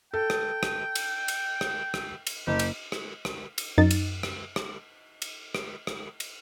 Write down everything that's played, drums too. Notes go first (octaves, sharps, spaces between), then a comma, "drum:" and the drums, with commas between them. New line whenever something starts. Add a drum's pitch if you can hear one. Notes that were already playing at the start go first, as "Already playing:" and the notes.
A4 G5
drum: rim click
drum: rim click
drum: cymbal
drum: cymbal
drum: rim click
drum: rim click
drum: cymbal
F#1 G4
drum: cymbal
drum: rim click
drum: rim click
drum: cymbal
F#2 D#4 A6
drum: cymbal
drum: rim click
drum: rim click
drum: cymbal
drum: rim click
drum: rim click
drum: cymbal